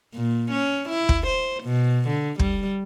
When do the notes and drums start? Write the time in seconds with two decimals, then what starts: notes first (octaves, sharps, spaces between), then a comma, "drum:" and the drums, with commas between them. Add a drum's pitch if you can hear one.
0.14 A#2
0.51 C#4
0.89 E4
1.09 drum: kick
1.27 C5
1.63 B2
2.08 D3
2.39 G3, drum: kick